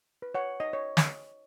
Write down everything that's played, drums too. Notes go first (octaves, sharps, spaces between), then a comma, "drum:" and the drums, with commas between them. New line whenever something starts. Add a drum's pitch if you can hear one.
B4
C#5 F#5
D#4 D#5
C#5
drum: snare